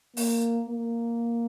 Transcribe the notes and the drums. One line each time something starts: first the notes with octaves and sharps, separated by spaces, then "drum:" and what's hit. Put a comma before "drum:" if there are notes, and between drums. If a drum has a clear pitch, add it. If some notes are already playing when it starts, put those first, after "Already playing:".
A#3, drum: open hi-hat
A#3